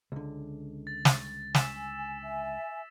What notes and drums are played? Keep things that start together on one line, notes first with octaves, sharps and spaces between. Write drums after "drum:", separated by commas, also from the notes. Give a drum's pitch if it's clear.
C#2 D3
A6
drum: snare
G#5 E6 B6 E7, drum: snare
E5 G#5